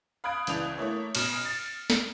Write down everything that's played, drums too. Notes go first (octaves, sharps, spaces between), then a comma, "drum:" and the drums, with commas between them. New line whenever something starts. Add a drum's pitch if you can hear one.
F5 B5 D#6 F#6 G#6 D7
C#2 E3 D4 D#6 G6 F7, drum: hi-hat
A3 A#3 E4 C#5
A1 B2 F6 F#7, drum: cymbal
A6
drum: snare